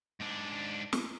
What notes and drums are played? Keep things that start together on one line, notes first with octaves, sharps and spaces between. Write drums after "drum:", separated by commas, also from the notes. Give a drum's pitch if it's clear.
G#2 D4
drum: snare